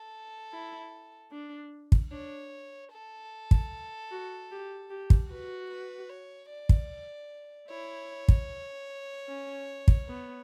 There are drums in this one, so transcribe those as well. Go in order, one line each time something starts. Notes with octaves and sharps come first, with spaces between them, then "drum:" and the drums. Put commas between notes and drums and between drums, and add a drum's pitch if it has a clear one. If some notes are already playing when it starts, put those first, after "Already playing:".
Already playing: A4
E4
D4
drum: kick
D4 C#5
A4
drum: kick
F#4
G4
G4
drum: kick
F#4 B4
B4
C#5
D5
drum: kick
E4 C#5
drum: kick
C#4
drum: kick
B3